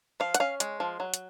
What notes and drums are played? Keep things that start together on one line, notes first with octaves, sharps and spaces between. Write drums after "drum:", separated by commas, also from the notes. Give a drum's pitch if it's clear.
F3 F5
F#5, drum: hi-hat
C#4 F5
G#3, drum: hi-hat
F3
F#3
drum: hi-hat